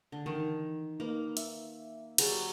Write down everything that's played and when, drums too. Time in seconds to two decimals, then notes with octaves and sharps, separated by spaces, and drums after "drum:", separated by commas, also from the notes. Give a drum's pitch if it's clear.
0.12 D3
0.26 D#3 E3
1.00 A#3 D#4 B4
1.37 E5, drum: hi-hat
2.18 F#3 G3 G#4 B4, drum: cymbal